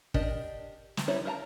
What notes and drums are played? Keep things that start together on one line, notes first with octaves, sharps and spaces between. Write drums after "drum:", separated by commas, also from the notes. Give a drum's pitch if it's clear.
D4 G4 A#4 D#5, drum: kick
drum: snare
G3 D#4 E4 C5 C#5
A#4 C5 E5 A5 A#5